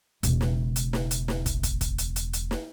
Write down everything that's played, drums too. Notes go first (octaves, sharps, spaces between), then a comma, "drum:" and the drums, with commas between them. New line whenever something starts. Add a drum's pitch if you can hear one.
E1 C#3, drum: hi-hat
drum: snare
drum: hi-hat
drum: snare
drum: hi-hat
drum: snare
drum: kick, hi-hat
drum: kick, hi-hat
drum: kick, hi-hat
drum: hi-hat
drum: hi-hat
drum: hi-hat
drum: snare